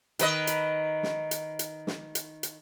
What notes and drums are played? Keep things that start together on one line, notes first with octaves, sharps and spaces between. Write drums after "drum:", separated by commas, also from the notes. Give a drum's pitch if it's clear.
D#3 B4 D#5, drum: hi-hat
drum: hi-hat
drum: snare
drum: hi-hat
drum: hi-hat
drum: snare
drum: hi-hat
drum: hi-hat